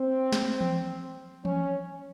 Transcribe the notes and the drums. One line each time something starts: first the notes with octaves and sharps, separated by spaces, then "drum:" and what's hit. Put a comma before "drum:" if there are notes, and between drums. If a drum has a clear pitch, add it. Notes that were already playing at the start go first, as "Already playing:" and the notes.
Already playing: C4
drum: snare
drum: tom E3
C#4, drum: tom E3